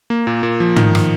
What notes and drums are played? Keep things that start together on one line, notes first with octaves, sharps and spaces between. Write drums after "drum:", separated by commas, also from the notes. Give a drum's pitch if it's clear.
A#3
A#2
A#2
F3
D#3, drum: tom
drum: rim click